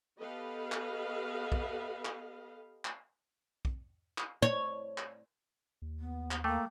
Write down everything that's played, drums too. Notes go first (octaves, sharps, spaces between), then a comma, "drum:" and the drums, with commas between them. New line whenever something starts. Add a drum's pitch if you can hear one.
B3 G4 A4 B4 D#5 F5
drum: clap
drum: kick
drum: clap
drum: clap
drum: kick
drum: clap
C#5
drum: clap
D#2
B3
drum: clap
A3 A#3 G5 A5 D6